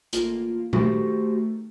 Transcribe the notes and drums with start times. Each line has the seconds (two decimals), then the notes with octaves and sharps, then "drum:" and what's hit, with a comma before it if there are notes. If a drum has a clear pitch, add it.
0.13 A1 A#3 F4, drum: hi-hat
0.73 D#3 A3 F#4 G4 C5, drum: tom